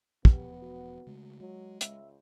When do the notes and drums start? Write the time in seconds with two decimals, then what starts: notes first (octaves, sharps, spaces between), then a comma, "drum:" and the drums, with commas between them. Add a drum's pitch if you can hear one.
0.25 E1 F3 B3 G4, drum: kick
0.62 F#4
1.07 C#3 G#3 A3
1.40 F#3 G#3
1.81 C#2 E5, drum: hi-hat